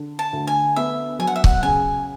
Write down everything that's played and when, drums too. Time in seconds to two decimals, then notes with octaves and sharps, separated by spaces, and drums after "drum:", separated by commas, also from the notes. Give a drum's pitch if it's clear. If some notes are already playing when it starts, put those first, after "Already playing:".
Already playing: D3
0.19 A5
0.33 D2
0.47 G#5
0.76 B3 E5
1.19 F#3 G#5
1.27 F#5
1.36 E5
1.44 F#5, drum: kick C#1
1.63 C#3 G#5